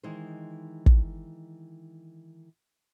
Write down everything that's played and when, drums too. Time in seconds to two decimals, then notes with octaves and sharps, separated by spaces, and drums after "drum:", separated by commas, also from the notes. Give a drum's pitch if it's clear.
0.03 D#3 E3 G#3 D#4 C5
0.86 drum: kick